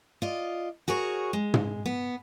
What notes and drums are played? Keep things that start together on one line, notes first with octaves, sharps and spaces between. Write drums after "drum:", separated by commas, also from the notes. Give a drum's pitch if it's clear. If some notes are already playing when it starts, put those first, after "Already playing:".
F4 D5 D#5
F#4 G#4 A#4 C#5
G#3
drum: tom
B3